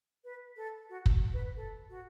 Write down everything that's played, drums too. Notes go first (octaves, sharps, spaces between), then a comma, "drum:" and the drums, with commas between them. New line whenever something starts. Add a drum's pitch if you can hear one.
B4
A4
F#4
drum: kick
B4
A4
F#4